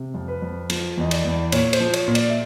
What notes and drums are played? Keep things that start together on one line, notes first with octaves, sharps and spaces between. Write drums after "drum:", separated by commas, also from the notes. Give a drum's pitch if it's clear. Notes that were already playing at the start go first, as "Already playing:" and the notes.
Already playing: C3
F2
B4
F2
F3, drum: cymbal
E2 D#5
D5, drum: cymbal
E2
A#2 C#5, drum: cymbal
C5, drum: cymbal
F3
C#5, drum: cymbal
A#2
D5, drum: cymbal
E5